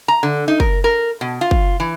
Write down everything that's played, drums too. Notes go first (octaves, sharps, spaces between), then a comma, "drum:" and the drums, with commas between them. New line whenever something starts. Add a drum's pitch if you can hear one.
A#5
D3
D#4
A#4, drum: kick
A#4
B2
F4
drum: kick
E3